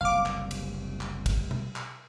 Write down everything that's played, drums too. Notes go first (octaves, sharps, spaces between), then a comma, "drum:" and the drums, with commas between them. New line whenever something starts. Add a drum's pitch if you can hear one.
F#1 C2 F5 D6
drum: clap
drum: cymbal
drum: clap
drum: kick, cymbal
drum: tom B2
drum: clap